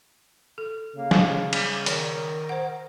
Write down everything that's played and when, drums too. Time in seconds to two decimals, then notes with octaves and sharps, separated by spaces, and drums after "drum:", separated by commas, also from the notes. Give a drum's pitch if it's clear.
0.58 A4
0.96 C#3 A#3 F5
1.11 drum: snare
1.53 G3 G#5 D6, drum: cymbal
1.86 D#3 A#4 C#5 D5, drum: hi-hat
2.49 C5 F#5